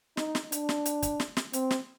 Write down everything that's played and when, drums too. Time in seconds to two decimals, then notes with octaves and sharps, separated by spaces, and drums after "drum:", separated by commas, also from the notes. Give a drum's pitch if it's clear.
0.17 D#4, drum: snare
0.35 drum: snare
0.52 D4, drum: hi-hat
0.69 drum: snare
0.86 drum: hi-hat
1.03 drum: kick, hi-hat
1.20 drum: snare
1.37 drum: snare
1.53 C4, drum: hi-hat
1.70 drum: snare